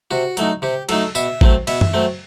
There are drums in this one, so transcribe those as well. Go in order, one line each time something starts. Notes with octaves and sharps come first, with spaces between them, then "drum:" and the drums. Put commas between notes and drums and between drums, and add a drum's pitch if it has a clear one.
C3 F#4
F#3 A3 D#4, drum: hi-hat
C3 G4
F#3 A3 D#4 A4, drum: cymbal
B2 E5, drum: tambourine
F#3 A3 C4, drum: kick
B2 E5, drum: cymbal
drum: tom F#2
F#3 A3 C4